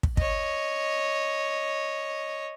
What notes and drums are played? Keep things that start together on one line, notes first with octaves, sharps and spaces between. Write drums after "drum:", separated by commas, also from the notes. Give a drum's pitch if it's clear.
drum: kick
C#5 D#5, drum: kick